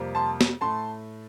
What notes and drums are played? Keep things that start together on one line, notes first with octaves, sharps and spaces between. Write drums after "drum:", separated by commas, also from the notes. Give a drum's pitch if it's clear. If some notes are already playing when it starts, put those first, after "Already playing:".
Already playing: F2 C3 G3 A#3
A5 C6
drum: snare
A2 A3 A5 C6